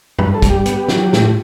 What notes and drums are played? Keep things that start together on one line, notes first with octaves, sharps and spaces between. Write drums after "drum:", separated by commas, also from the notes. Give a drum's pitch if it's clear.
G2 B4, drum: tom F#2
A4
G2, drum: kick, hi-hat
G4
B3, drum: hi-hat
F#3, drum: snare
A2, drum: snare